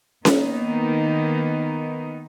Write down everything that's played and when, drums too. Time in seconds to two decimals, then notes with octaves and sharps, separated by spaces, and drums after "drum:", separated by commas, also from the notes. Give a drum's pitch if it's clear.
0.25 D#3 A#3 B3 D#4, drum: snare C#4